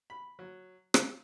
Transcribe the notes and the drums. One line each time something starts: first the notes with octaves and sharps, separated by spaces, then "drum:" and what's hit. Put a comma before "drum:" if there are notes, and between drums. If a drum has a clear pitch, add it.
B5
F#3
F5, drum: rim click